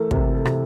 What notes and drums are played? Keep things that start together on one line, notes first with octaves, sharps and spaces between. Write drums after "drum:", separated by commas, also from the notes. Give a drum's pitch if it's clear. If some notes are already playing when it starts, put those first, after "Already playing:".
Already playing: E3 A3 A4 A#4
C3 A#4, drum: kick
A4
C3, drum: rim click